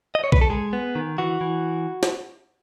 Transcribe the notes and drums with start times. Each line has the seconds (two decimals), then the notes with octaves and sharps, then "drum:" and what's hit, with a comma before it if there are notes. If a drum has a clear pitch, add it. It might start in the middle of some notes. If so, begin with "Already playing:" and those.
0.15 D#5
0.24 C#5
0.32 B4, drum: kick B1
0.41 A4
0.50 G#3 G#4
0.73 B3
0.95 D#3
1.18 E3 F#4
1.41 E3
2.03 drum: snare